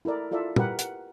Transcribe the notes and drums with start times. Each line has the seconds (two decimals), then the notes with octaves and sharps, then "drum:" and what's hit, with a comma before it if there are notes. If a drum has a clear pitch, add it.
0.05 E4 A4 A#4 D5
0.31 E4 F4 A4 D5 E5
0.56 G4 A#4 B4 F#5, drum: tom
0.79 F#5, drum: hi-hat